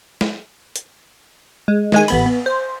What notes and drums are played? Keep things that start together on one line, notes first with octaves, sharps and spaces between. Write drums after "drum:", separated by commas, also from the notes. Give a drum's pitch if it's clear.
drum: snare
drum: hi-hat
G#3
D#3 G#3 G#5, drum: snare
A1 B3 B5, drum: cymbal
B3
C5